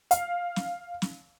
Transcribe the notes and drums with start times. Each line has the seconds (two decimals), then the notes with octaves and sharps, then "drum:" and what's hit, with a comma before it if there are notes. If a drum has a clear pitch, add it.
0.11 F5, drum: hi-hat
0.56 drum: snare
1.02 drum: snare